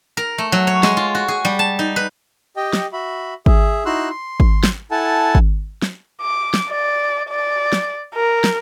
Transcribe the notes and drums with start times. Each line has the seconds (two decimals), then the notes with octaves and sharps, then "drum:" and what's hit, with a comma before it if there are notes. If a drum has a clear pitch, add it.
0.17 A#4
0.38 A3
0.52 F#3
0.67 C#5
0.83 G#3, drum: snare
0.97 F4
1.15 F#4
1.28 G#4
1.45 G3
1.59 A5
1.79 D#4
1.96 B4
2.56 G4 D#5 G5
2.73 drum: snare
2.93 F#4 E5 B5
3.46 G#4 E5, drum: kick G#1
3.86 D#4 E4 F#4 C6 E6 F#6
4.10 C6
4.40 drum: kick G#1
4.64 drum: snare
4.91 E4 A4 F#5 G#5 A5
5.35 drum: kick G#1
5.82 drum: snare
6.21 D6
6.54 drum: snare
6.70 D5
7.29 D5
7.73 drum: snare
8.15 A#4
8.44 drum: snare